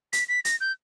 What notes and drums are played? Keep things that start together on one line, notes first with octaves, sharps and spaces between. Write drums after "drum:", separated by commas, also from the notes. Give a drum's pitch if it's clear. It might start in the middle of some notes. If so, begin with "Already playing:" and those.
B6, drum: hi-hat
B6
A#6, drum: hi-hat
G6